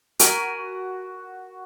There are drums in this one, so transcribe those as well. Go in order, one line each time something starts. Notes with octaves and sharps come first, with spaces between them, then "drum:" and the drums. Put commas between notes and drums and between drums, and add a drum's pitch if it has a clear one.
F#4 A#4 G#5 B5, drum: hi-hat